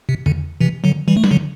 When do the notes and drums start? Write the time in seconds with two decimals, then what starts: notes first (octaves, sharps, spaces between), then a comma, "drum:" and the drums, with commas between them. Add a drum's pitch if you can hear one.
0.09 C3
0.26 D3, drum: tom
0.61 C3 E3
0.84 D3 F#3
1.08 E3 G3
1.17 A3
1.24 G3, drum: snare
1.31 D3 F#3